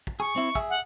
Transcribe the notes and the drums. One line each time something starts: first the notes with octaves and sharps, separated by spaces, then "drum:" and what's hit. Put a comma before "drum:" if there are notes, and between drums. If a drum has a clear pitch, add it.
drum: kick
G#4 C#6
C4 E4
G#4 E5, drum: kick
F#5